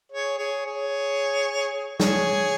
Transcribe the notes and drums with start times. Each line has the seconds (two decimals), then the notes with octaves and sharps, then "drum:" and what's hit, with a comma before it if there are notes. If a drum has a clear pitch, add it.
0.12 G#4 C#5
0.38 G#4 C#5
0.66 G#4 C#5
2.00 G#4 C#5, drum: snare